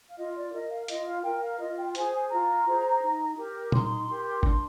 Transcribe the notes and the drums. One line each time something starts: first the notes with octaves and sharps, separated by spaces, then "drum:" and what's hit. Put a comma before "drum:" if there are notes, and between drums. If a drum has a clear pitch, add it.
F5
F4 D#5
D5
A#4 D#5
F5
F4 D#5, drum: hi-hat
F5
A#4 G5
F5
F4 D#5
G5
G#4 C5 G#5, drum: hi-hat
G#5
F4 A#5
G#4 C5
D#4
G4 A#4
D#4 C6, drum: tom A#2
C6
G4 A#4 C6
C6
D4 C6, drum: kick G1